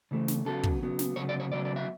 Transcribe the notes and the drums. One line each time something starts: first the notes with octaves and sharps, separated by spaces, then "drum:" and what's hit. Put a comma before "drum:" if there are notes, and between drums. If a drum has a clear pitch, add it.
C#3 E3 A3
drum: snare
C#3 F#3 B3 A4
drum: kick
C#3 F#3 B3
drum: snare
C#3 F#3 B3 C#5
D5
C#5
C#3 F#3 B3 D5
D5
E5